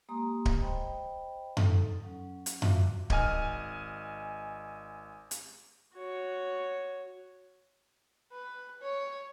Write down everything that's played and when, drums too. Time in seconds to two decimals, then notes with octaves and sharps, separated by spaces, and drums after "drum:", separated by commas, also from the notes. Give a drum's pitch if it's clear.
0.09 G#3 A#3 G4 A#5 C6 D#6
0.45 drum: kick D1
0.58 C5 D#5 G5 B5
1.57 D#4 A4, drum: tom F#2
2.04 F#3 C#4
2.46 drum: hi-hat
2.62 F4 F#4 E5 F5 D6, drum: tom F#2
3.10 G#1 D#5 G#5 F6, drum: kick D1
5.31 drum: hi-hat
5.95 F#4 C#5
8.32 B4
8.81 C#5